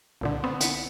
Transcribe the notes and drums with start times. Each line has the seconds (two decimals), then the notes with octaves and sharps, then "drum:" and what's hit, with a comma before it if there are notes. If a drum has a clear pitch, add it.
0.21 C2 A#2 D3
0.44 B3 C4
0.60 F#5 B6 C#7, drum: hi-hat